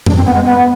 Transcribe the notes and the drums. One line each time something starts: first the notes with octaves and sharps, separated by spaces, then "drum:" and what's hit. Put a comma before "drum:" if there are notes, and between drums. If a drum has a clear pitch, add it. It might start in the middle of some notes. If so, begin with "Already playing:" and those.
D4, drum: tom F2
C4
B3
G#3
B3